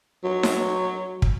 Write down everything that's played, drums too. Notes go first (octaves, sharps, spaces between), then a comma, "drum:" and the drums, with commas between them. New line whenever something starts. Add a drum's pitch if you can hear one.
F#3
drum: snare D#4
drum: kick